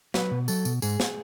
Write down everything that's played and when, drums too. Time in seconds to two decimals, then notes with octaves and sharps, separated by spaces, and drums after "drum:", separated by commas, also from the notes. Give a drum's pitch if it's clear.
0.14 F#3 B4, drum: snare
0.31 B2
0.48 F#3 A4, drum: tambourine
0.65 B2, drum: tambourine
0.82 G#2 G#4, drum: tambourine
1.00 drum: snare